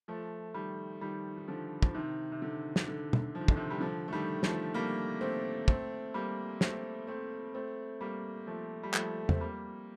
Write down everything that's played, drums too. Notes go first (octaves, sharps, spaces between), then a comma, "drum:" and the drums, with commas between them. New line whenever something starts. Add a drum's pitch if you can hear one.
F3 A3
D#3 G3
D#3 G3
D#3
D3 F3
F3, drum: kick
C3 D#3
C3
D3
drum: snare
D3
drum: tom
F3
D#3
D3, drum: kick
C3 D#3
G3
D3 F3
A3
D#3 G3
F3 A3, drum: snare
G3 A#3
A3 C4
A3 C4, drum: kick
G3 A#3
A3 C4, drum: snare
A3 C4
A3 C4
G3 A#3
F3 A3
G3
F3 A3, drum: clap
C4, drum: tom
G3 A#3